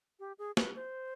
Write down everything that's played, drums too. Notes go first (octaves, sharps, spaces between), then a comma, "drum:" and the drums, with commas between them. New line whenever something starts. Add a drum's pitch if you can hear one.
G4
G#4
B4, drum: snare
C5